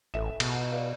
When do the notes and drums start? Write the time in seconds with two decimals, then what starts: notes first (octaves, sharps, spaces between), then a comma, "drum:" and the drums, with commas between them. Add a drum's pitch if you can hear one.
0.14 A1 A4 E5 E7
0.40 B2, drum: cymbal
0.72 B4 D5 F5